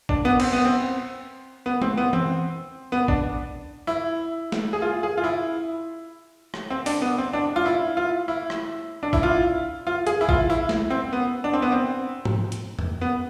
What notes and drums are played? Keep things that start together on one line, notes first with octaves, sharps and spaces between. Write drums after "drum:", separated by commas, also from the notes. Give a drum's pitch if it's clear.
D4, drum: kick A1
B3
C4, drum: cymbal
B3
C4
B3
C4, drum: tom G#3
B3
C4, drum: tom E3
B3
D4, drum: kick A1
E4
drum: snare
G#4
F4
G#4
F4
E4
drum: rim click
C4
D4, drum: open hi-hat
B3
C4
D4
F4
E4
F4
E4
drum: rim click
D4
E4, drum: kick A1
F4
F4
G#4, drum: hi-hat
E4
F4, drum: kick A1
E4
drum: snare
C4
B3
D4
C4
B3
C4
drum: tom G#2
drum: hi-hat
drum: tom E2
B3